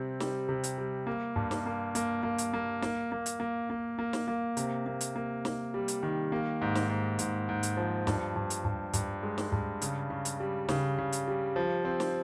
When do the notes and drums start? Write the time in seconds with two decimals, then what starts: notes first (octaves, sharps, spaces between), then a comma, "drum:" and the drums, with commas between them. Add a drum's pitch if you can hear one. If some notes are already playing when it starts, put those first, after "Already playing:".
Already playing: C3 G3 C4
0.20 G3, drum: snare
0.49 C3
0.64 drum: hi-hat
0.78 G3
1.07 A#3
1.36 G2
1.51 drum: snare
1.66 A#3
1.95 A#3, drum: hi-hat
2.23 A#3
2.38 drum: hi-hat
2.54 A#3
2.82 A#3, drum: snare
3.12 A#3
3.26 drum: hi-hat
3.40 A#3
3.70 A#3
3.99 A#3
4.13 drum: snare
4.28 A#3
4.57 C3, drum: hi-hat
4.86 A#3
5.01 drum: hi-hat
5.16 A#3
5.45 A#3, drum: snare
5.74 G3
5.88 drum: hi-hat
6.03 D#3
6.32 A#3
6.61 G#2
6.75 drum: snare
6.89 G#2
7.19 G#2, drum: hi-hat
7.49 G#2
7.63 drum: hi-hat
7.77 F3
8.07 G2, drum: snare
8.36 G2
8.50 drum: hi-hat
8.65 G2
8.93 G2, drum: hi-hat
9.23 G#3
9.38 drum: snare
9.52 G2
9.82 C#3, drum: hi-hat
10.10 C#3
10.25 drum: hi-hat
10.40 G3
10.69 C#3, drum: snare
10.98 C#3
11.12 drum: hi-hat
11.28 G3
11.56 F3
11.85 C4
12.00 drum: snare